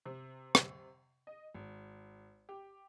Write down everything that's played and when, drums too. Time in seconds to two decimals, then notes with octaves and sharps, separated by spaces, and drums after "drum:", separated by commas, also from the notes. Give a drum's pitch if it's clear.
0.06 C3
0.55 drum: rim click
1.27 D#5
1.54 G#1
2.49 G4